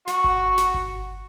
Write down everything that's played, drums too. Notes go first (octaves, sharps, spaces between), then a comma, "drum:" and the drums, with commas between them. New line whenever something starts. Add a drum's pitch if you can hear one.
F#4 C#6, drum: snare
drum: kick G1
drum: snare
drum: kick G1